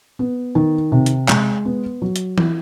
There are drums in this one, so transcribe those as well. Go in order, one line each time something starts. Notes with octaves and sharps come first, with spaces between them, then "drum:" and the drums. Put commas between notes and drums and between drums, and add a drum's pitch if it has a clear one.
B3
D#3
C3
drum: hi-hat
G#3, drum: clap
B3
F#3
drum: hi-hat
E4, drum: tom E3